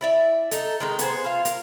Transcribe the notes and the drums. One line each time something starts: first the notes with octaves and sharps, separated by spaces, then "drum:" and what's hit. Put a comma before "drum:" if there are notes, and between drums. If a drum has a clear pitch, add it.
E4 D5 E5
D#4 A4, drum: hi-hat
D#3 G#3 D#4
B3 G#4 C5, drum: hi-hat
F4 F5
A#4, drum: hi-hat